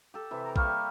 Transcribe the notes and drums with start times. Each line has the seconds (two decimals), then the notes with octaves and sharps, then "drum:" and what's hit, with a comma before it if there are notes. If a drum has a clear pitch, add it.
0.14 G4 A4
0.31 C3 E3 E5
0.43 A#5
0.56 G3 A#3 C#6 F6, drum: kick A#1